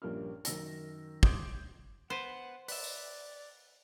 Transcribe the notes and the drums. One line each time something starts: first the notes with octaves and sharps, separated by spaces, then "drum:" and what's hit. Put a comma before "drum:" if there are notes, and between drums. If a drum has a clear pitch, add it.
A#1 G2 F3 A#3 C#4 F6
F#2 D#3 E6 A#6, drum: hi-hat
C6 D6 D#6 G6 G#6 D7, drum: kick
B3 B4 C5 F#5
B4 D5 E5, drum: open hi-hat
drum: tambourine